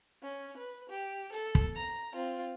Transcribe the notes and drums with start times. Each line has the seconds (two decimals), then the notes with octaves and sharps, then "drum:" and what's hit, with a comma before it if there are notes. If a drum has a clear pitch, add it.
0.22 C#4
0.57 B4
0.90 G4
1.32 A4
1.55 drum: kick
1.76 A#5
2.13 C4 F4